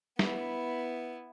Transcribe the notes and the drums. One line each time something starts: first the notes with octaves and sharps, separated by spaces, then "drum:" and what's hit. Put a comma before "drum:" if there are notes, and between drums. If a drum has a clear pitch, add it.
B3 E4, drum: snare